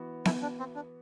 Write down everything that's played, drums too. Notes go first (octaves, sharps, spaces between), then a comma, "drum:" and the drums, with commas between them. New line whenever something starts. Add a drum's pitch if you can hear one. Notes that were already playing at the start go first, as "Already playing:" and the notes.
Already playing: E3 B3 F#4
E4, drum: snare B3
D4
C4
D4